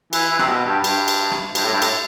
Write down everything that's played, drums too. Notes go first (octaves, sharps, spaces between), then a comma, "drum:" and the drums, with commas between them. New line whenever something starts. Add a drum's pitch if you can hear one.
E3, drum: cymbal
E3
C3, drum: rim click
B2
G2
G2, drum: cymbal
drum: cymbal
drum: rim click
G2, drum: cymbal
A2
G2
A2, drum: cymbal